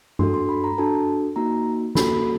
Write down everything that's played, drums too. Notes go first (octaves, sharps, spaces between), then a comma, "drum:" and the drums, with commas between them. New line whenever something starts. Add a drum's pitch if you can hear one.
D4 F#4 A4 C6, drum: tom G2
C6
B5
A#5
D4 F#4 A4 A5
A#3 D#4 F#4 A#5
A#3 C#4 F#4 A4 B5, drum: snare